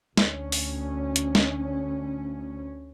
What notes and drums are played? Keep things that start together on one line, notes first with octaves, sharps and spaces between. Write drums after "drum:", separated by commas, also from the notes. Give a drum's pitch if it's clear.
D2 C#4, drum: snare
drum: open hi-hat
drum: hi-hat
drum: snare